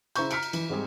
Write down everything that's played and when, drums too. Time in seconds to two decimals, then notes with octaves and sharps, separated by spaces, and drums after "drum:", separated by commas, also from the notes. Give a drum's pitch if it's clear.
0.16 C#3 E4 C5 A#5 C#6 G6, drum: cymbal
0.31 A#5 F6 B6 C#7 D7, drum: cymbal
0.43 drum: cymbal
0.53 E3, drum: cymbal
0.70 G#2 G3 C4 G4 G#4